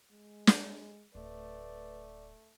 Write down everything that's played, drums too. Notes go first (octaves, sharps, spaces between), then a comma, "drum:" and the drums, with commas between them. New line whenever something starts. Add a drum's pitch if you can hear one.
G#3
drum: snare
D1 A3 B4 D5